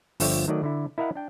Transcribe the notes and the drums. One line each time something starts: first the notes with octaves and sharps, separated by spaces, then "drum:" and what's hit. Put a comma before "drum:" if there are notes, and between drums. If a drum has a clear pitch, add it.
G1 D3 F3 C#5 E5 G5, drum: open hi-hat
D#3 F#3 A3 D5 D#5
D3 E4
E4 A#4 D#5 F5 F#5
D4 G5